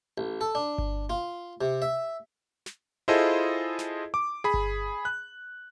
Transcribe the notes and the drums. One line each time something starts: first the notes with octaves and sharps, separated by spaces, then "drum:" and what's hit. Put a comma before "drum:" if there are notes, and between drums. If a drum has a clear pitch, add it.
A1
A4
D4
drum: kick G1
F4
C3
E5
drum: snare
E4 F4 G#4 A4 C5 D#5
drum: snare
D6
G#4 B5
drum: kick G1
F#6